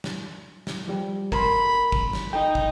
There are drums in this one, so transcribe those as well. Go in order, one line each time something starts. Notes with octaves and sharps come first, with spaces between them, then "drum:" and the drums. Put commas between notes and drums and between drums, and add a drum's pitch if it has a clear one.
drum: snare
drum: snare
F3 G3 G4
A#4 B5 C6, drum: kick
drum: kick
drum: snare
D#4 G5
drum: kick